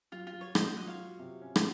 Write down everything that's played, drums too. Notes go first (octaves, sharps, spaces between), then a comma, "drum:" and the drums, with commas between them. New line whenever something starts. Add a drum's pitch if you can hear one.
F#3 F4
F4
F#3
C#5
F#3 C5 D#5, drum: rim click
C5
F4 D#5 F#5
C#5 F5
F#4
C3
C#4
drum: rim click